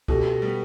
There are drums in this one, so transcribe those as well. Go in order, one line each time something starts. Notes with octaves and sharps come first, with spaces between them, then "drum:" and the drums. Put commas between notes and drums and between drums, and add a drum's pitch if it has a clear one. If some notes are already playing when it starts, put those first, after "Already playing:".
B2 G4 A4, drum: kick
G3 B3